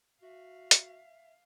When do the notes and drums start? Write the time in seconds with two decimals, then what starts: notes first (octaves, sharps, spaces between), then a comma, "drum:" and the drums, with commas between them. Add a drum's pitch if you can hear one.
0.22 F#4 E5 F5
0.71 drum: hi-hat